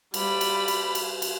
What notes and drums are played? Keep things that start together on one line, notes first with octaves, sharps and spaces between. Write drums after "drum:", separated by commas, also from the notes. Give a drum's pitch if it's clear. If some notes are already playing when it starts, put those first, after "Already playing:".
G3 B5, drum: cymbal
drum: cymbal
drum: cymbal
drum: cymbal
drum: cymbal